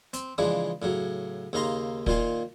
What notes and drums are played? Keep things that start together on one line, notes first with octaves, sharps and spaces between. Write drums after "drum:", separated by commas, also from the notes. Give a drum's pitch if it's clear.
C4, drum: hi-hat
C#3 E3 F3 G#3 D4
A2 C#3 F#3
D#2 C#3 D#4 F5 A#5 C6
A#2 D#3 F4 F5 G#5, drum: kick